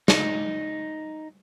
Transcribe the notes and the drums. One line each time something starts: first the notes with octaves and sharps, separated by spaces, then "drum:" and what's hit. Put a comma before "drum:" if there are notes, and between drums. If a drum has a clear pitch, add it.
D#4, drum: snare